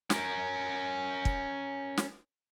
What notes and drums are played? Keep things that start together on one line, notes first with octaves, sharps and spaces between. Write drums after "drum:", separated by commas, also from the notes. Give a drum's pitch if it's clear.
C#4 A#4, drum: snare
drum: kick
drum: snare